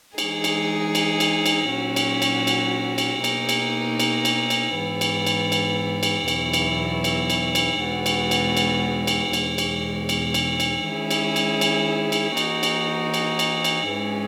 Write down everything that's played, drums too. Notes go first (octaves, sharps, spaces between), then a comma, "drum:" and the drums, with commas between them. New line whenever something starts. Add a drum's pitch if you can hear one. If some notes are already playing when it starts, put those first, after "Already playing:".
E3 G#3 D#4 G#4, drum: cymbal
drum: cymbal
drum: cymbal
drum: cymbal
drum: cymbal
A#2 F#3 C#4 F#4
drum: cymbal
drum: cymbal
drum: cymbal
drum: cymbal
B2 A#3 D#4, drum: cymbal
drum: cymbal
drum: cymbal
drum: cymbal
drum: cymbal
G#2 E3 B3
drum: cymbal
drum: cymbal
drum: cymbal
drum: cymbal
E2 B2 F#3 B3 E4, drum: cymbal
drum: cymbal
drum: cymbal
drum: cymbal
drum: cymbal
E2 B2 G#3 B3 F#4
drum: cymbal
drum: cymbal
drum: cymbal
drum: cymbal
E2 B2 G#3, drum: cymbal
drum: cymbal
drum: cymbal
drum: cymbal
drum: cymbal
D#3 G#3 C#4 E4 G#4
drum: cymbal
drum: cymbal
drum: cymbal
drum: cymbal
E3 A#3 D#4 F#4, drum: cymbal
drum: cymbal
drum: cymbal
drum: cymbal
drum: cymbal
G#2 E3 G#3 C#4 G#4